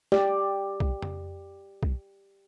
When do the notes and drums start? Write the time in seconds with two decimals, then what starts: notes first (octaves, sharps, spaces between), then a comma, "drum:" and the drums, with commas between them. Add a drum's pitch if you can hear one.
0.12 G4 D5, drum: snare
0.80 drum: kick B1
1.02 drum: tom F2
1.83 drum: kick B1